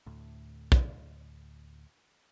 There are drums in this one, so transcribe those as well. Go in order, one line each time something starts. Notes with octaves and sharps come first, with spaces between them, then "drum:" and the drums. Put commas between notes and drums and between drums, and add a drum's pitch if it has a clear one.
D2 A2
drum: kick